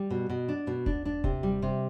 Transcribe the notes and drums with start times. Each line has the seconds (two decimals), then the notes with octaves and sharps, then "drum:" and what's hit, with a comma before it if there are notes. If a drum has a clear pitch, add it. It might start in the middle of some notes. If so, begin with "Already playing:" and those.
Already playing: G3
0.10 B2
0.30 B2
0.48 D4
0.67 B2
0.86 D4, drum: kick D#1
1.05 D4
1.24 C3, drum: kick D#1
1.43 G3
1.62 C3